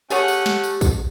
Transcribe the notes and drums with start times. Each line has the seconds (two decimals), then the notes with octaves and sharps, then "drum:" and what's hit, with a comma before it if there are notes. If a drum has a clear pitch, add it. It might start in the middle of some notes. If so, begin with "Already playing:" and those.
0.10 A3 C#4 G4 G#4 C#5 F#5, drum: tambourine
0.28 drum: tambourine
0.46 drum: snare
0.64 drum: tambourine
0.81 drum: kick, tambourine